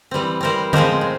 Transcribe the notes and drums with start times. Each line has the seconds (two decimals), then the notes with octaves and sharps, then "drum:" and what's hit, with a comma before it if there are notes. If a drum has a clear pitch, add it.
0.11 E3 G3 C4
0.41 E3 G3 C4 A#4 C5
0.73 A2 F3 G#3 C4 A#4 C5, drum: tom D3
1.01 A2